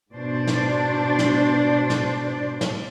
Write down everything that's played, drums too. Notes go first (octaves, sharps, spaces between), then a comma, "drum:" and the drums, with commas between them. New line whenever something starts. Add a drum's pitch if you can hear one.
G#2 B2 D4 C5 D5
drum: snare
drum: snare
drum: snare
drum: snare